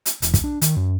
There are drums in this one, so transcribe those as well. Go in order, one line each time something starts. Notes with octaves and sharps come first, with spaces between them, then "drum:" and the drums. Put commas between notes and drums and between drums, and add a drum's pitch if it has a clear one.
drum: hi-hat
E1, drum: hi-hat
drum: kick, hi-hat
D4
D#3, drum: hi-hat
F#2